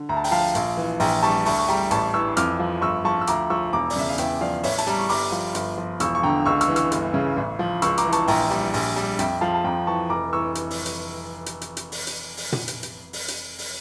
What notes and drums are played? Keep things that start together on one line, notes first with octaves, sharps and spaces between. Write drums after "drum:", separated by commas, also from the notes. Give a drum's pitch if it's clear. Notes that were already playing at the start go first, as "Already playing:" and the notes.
Already playing: D3
D2 A#5
A5
G5, drum: open hi-hat
F3 F5 A5
A#1, drum: hi-hat
E3
A#1 G5 A#5, drum: open hi-hat
G3 A5 C#6
D2 A5 C#6, drum: open hi-hat
C#6
G3 G5 A#5
A1 A5 C#6, drum: hi-hat
E3 C#6 E6
F2 D6 F6, drum: hi-hat
F3
G1 C#6 E6
F3 A5 C#6
E6
D2 A#5 D6, drum: hi-hat
F3 C#6 E6
E1 A#5 D6
D5, drum: open hi-hat
C#3 E5
F5
E2 E5 G5, drum: hi-hat
F3 D5 F5
A1 C#5 E5, drum: open hi-hat
A5, drum: hi-hat
G3 A#5
C#6
G1 A#5 D6, drum: open hi-hat
F3
G1, drum: hi-hat
F3
E1 C#6 E6, drum: hi-hat
C#6
D3 G5 A#5
C#2 C#6 E6
C#6 E6, drum: hi-hat
E3
C#6 E6, drum: hi-hat
G1, drum: hi-hat
C#3
A1
F3
C#2 C#6 E6, drum: hi-hat
A#5 D6, drum: hi-hat
E3
A5 C#6, drum: hi-hat
A#1 G5 A#5, drum: open hi-hat
G3
A#1, drum: open hi-hat
G3
F2 E5 G5, drum: hi-hat
F3 F5 A5
A5
F2 G5 A#5
E3 A5 C#6
F1 A#5 D6
E3 C#6 E6
drum: hi-hat
drum: open hi-hat
drum: hi-hat
drum: hi-hat
drum: hi-hat
drum: hi-hat
drum: open hi-hat
drum: hi-hat
drum: open hi-hat
drum: tom
drum: hi-hat
drum: hi-hat
drum: open hi-hat
drum: hi-hat
drum: open hi-hat